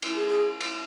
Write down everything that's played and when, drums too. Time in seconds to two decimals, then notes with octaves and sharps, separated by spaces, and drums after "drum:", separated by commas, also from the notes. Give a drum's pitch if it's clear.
0.02 E4, drum: cymbal
0.15 G#4
0.28 G#4
0.61 drum: cymbal